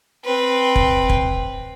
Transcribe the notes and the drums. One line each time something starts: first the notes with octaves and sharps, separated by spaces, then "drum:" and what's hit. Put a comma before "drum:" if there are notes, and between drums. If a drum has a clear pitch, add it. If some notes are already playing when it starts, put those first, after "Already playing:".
C4 B4
drum: kick
drum: kick